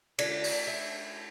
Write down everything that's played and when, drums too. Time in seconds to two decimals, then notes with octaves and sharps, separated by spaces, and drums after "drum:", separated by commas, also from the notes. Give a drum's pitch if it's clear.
0.19 D3, drum: cymbal
0.44 drum: open hi-hat
0.67 E5